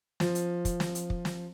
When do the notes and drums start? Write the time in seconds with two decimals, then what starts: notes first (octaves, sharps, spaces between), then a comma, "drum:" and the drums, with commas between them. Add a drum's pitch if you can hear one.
0.20 F3, drum: snare
0.35 drum: hi-hat
0.65 drum: kick, hi-hat
0.80 drum: snare
0.95 drum: hi-hat
1.10 drum: kick
1.25 drum: snare